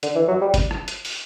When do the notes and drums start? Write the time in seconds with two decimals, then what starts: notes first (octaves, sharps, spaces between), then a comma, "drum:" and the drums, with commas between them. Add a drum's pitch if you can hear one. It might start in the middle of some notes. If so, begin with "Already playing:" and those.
0.03 D3, drum: hi-hat
0.15 E3
0.28 F#3
0.41 G3
0.54 drum: kick, hi-hat
0.71 drum: rim click
0.88 drum: hi-hat
1.05 drum: open hi-hat